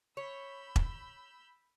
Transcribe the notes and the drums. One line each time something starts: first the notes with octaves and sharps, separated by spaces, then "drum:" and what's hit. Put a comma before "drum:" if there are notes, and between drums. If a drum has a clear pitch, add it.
C#5 B5 E6 G6
drum: kick E1